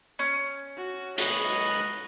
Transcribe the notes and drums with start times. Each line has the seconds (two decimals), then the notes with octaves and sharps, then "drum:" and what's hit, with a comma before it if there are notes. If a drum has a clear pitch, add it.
0.19 C#4
0.77 F#4
1.18 G#2 B4 C#5 D#5, drum: hi-hat